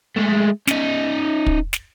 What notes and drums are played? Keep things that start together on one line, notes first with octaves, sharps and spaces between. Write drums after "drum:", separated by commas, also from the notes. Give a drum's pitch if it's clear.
G#3 A3
C#4 D#4, drum: snare
drum: kick
drum: snare